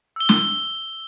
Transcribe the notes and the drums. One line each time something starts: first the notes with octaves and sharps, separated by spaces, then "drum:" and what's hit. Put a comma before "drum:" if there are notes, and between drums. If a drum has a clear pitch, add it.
E6 G7
drum: snare